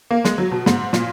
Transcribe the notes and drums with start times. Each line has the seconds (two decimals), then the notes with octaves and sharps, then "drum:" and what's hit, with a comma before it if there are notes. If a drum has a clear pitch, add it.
0.11 A#3
0.24 G#3, drum: snare
0.38 F#3
0.51 B2
0.66 G#2, drum: snare
0.93 A#2, drum: snare